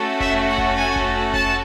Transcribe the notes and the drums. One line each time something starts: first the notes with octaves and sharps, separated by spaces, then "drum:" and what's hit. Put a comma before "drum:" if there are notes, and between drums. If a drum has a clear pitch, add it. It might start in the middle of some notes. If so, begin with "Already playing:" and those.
Already playing: A3 C#4 F#4 A4
E5, drum: kick F1
F#5
drum: kick F1
G#5
drum: kick F1
A5, drum: kick F1